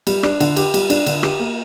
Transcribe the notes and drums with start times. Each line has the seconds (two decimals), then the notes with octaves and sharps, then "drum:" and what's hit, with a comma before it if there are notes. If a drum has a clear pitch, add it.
0.07 G3, drum: cymbal
0.23 D4, drum: rim click
0.40 D3, drum: cymbal
0.56 G4, drum: cymbal
0.74 G3, drum: cymbal
0.90 D4, drum: cymbal
1.06 D3, drum: cymbal
1.23 G4, drum: rim click
1.40 A#3